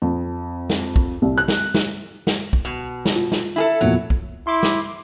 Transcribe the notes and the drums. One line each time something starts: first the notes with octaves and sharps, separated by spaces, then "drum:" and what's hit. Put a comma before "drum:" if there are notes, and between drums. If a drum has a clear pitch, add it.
F2
drum: snare
drum: kick
C2
F#6
drum: snare
drum: snare
drum: snare
drum: kick
B2
drum: snare
F4
drum: snare
E4 G#4 A4
E2 A#2 F3 F#3
drum: kick
E4 C6 D6
drum: snare